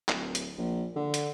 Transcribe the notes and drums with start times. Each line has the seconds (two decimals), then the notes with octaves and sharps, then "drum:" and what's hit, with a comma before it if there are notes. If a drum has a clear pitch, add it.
0.09 D1, drum: clap
0.35 drum: hi-hat
0.58 A#1
0.96 D3
1.14 drum: hi-hat